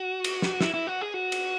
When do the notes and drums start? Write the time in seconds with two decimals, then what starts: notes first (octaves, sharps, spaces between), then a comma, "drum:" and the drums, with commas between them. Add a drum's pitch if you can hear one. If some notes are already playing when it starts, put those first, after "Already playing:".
Already playing: F#4
0.24 drum: cymbal
0.42 drum: snare
0.61 E4, drum: snare
0.74 E4
0.87 F#4
1.01 G#4
1.14 F#4
1.32 drum: cymbal